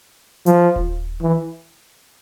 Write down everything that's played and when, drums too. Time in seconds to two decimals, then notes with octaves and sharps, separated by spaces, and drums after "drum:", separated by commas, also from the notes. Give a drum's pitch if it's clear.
0.46 F3, drum: hi-hat
0.76 drum: kick D#1
1.22 E3